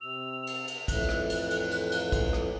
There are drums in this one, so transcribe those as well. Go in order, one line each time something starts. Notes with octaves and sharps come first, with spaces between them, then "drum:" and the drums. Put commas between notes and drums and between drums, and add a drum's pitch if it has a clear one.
C3 E6 F7
drum: cymbal
drum: cymbal
F2 A2 E3 F#6, drum: kick, cymbal
drum: rim click
drum: cymbal
drum: cymbal
drum: cymbal
drum: cymbal
drum: kick, cymbal
drum: rim click